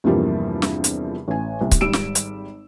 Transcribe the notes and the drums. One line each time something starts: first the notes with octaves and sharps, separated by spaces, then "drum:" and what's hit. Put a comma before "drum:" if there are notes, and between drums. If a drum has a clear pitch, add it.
E2 G2 C3 F3 G3 A#3
drum: snare
drum: hi-hat
A1 G#5
C2
drum: kick C#1, hi-hat
G#1 G3 E6 D7 E7
drum: snare
drum: hi-hat